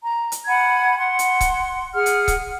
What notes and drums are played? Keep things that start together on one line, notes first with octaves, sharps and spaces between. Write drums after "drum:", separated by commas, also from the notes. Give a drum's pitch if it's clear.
A#5
drum: hi-hat
F#5 G#5 B5 G#6
F#5 C6
drum: hi-hat
drum: kick C#1, hi-hat
G#4 F#5 F6
drum: hi-hat
drum: kick C#1, hi-hat